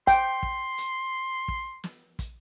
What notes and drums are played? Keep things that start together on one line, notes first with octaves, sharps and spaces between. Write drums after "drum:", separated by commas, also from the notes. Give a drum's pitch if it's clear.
G5 C6, drum: kick, hi-hat
drum: kick
drum: hi-hat
drum: kick
drum: snare
drum: kick, hi-hat